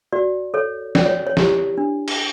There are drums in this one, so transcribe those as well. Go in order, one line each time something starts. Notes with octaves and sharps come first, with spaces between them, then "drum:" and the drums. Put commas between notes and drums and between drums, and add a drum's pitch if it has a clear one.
F#4 D5
A4 C#5
C#4 D5, drum: snare
C#5
C#5
E4 G4, drum: snare
D4
drum: cymbal